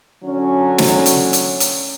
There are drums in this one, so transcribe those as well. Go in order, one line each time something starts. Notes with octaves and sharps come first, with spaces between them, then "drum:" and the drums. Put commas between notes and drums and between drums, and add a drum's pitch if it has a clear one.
D3 F#3 C#4
drum: snare
drum: hi-hat
drum: hi-hat
drum: hi-hat